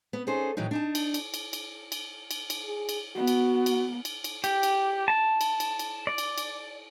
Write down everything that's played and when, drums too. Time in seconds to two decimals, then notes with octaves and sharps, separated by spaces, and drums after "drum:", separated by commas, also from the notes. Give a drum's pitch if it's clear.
0.13 B3
0.27 C#4 D#4 G#4 A4 C5
0.57 A2 D#3 E3 F#3 D#4
0.71 D4 D#4 A5
0.95 drum: cymbal
1.14 drum: cymbal
1.34 drum: cymbal
1.53 drum: cymbal
1.92 drum: cymbal
2.31 drum: cymbal
2.50 drum: cymbal
2.65 G#4
2.89 drum: cymbal
3.15 B3 F#4
3.27 drum: cymbal
3.66 drum: cymbal
4.05 drum: cymbal
4.24 drum: cymbal
4.44 G4, drum: cymbal
4.63 drum: cymbal
5.08 A5
5.41 drum: cymbal
5.60 drum: cymbal
5.79 drum: cymbal
6.07 D5
6.18 drum: cymbal
6.38 drum: cymbal